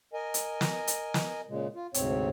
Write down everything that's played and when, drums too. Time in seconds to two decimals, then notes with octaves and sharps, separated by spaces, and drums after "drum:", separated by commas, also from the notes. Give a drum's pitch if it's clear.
0.13 A#4 D#5 G#5
0.34 drum: hi-hat
0.61 drum: snare
0.87 drum: hi-hat
1.14 drum: snare
1.48 A#2 C#3 G#3
1.75 F4
1.94 D2 G#2 C3 C4 C#5, drum: hi-hat